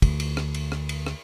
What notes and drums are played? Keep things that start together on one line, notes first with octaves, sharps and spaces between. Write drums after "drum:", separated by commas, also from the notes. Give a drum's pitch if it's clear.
D2, drum: kick, cymbal
drum: cymbal
drum: rim click
drum: cymbal
drum: rim click
drum: cymbal
drum: rim click